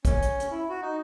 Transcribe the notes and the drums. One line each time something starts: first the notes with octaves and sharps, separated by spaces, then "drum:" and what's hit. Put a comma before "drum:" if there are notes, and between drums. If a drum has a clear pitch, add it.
C#4, drum: kick, hi-hat
drum: hi-hat
drum: hi-hat
E4
F#4
D#4